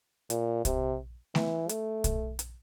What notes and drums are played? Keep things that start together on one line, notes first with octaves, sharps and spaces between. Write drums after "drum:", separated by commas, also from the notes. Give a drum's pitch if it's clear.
A#2, drum: hi-hat
C3, drum: kick, hi-hat
E3, drum: snare A3
A3, drum: hi-hat
drum: kick, hi-hat
drum: hi-hat